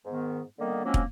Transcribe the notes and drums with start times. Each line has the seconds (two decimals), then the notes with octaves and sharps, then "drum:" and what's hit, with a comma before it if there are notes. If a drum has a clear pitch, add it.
0.05 G#2 D#3 B3
0.59 D3 D#3 G3 A#3 B3
0.84 F3 F#3 G#3 A#3 C4 C#4
0.94 drum: kick